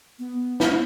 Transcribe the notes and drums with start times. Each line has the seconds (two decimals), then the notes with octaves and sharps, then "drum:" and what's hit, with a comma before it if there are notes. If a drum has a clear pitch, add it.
0.19 B3
0.60 drum: snare